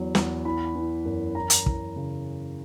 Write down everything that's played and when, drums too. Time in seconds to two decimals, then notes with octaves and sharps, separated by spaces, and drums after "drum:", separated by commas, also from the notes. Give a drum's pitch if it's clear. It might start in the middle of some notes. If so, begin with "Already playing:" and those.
Already playing: E2 F#3
0.15 E2, drum: snare
0.45 E3 B5
0.75 E3
1.05 F#2
1.35 E3 A#5
1.50 drum: hi-hat
1.66 E3, drum: kick
1.96 C#3